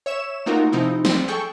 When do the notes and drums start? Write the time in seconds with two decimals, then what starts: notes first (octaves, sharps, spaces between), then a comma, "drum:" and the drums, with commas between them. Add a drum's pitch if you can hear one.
0.06 C#5 E5 E7
0.46 A3 A#3 D#4 F4 F#4 A#4
0.72 C3 F3 D#4 E4
1.05 G3 C4, drum: snare
1.28 G#4 A4 G5 C#6